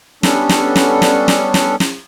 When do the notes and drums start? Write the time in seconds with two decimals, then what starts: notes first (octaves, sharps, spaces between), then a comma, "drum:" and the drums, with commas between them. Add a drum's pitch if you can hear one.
0.23 G3 B3 C#4 D4 A4, drum: snare
0.49 drum: snare
0.76 drum: snare
1.02 drum: snare
1.28 drum: snare
1.54 drum: snare
1.80 drum: snare